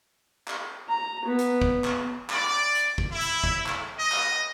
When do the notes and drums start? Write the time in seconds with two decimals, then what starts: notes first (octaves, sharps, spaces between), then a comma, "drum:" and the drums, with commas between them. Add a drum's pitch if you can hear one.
0.48 drum: clap
0.88 A#5
1.25 B3
1.39 drum: hi-hat
1.61 drum: kick
1.84 drum: clap
2.30 D5, drum: clap
2.75 drum: hi-hat
2.98 drum: kick
3.10 E4
3.21 drum: hi-hat
3.44 drum: kick
3.66 drum: clap
3.96 D#5
4.12 drum: clap